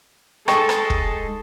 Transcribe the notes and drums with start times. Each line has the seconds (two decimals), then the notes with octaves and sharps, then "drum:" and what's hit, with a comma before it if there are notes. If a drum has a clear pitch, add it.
0.48 G#3 D#4 G#4 A4 D#5 G5 A5 C#6, drum: rim click
0.69 drum: rim click
0.90 drum: kick